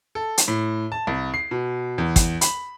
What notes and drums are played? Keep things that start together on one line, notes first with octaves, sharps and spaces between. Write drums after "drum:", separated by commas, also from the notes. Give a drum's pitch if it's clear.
A4
drum: hi-hat
A2
A5
C2
C7
B2
E2
drum: kick, hi-hat
B5, drum: hi-hat